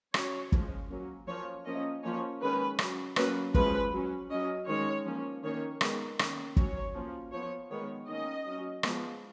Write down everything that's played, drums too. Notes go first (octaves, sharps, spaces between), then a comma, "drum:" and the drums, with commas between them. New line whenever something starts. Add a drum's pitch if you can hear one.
F#3 C#4 C#5, drum: rim click
F3 G#3 C#4, drum: kick
F#3 A#3 C#4
F3 A#3 C#4 C#5
F3 A#3 C#4 D#5
F3 A#3 C#4 C#5
D#3 G#3 C#4 B4
F#3 C#4, drum: rim click
F#3 A#3 C#4 B4, drum: rim click
F3 G#3 C#4 B4, drum: kick
F#3 C#4
F#3 C#4 D#5
D#3 G#3 C#4 C#5
F3 A#3 C#4
D#3 A#3 C#4 C#5
D#3 G#3 B3, drum: rim click
D#3 A#3 C#4, drum: rim click
F#3 C#4 C#5, drum: kick
F3 A#3 C#4
F3 B3 C#5
D#3 G#3 B3 C#5
D#3 A#3 C#4 D#5
F#3 C#4
F3 G#3 B3, drum: rim click